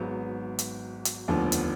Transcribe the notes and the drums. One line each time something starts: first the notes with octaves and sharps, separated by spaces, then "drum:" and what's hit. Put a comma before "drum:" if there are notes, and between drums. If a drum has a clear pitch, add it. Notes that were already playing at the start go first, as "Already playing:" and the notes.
Already playing: G#1 G#2 F#3 B3
drum: hi-hat
drum: hi-hat
F1 D#2 D3 F3 B3
drum: hi-hat